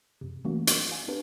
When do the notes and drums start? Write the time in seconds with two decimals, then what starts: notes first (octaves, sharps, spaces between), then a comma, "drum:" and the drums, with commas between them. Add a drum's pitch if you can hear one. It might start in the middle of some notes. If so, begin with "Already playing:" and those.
0.21 F#2 C3
0.45 E3 F#3 A3 A#3 C#4 F#4
0.67 D#5 C#6, drum: hi-hat
0.91 F5 G#5
1.08 C4 D4 G4 A4 B4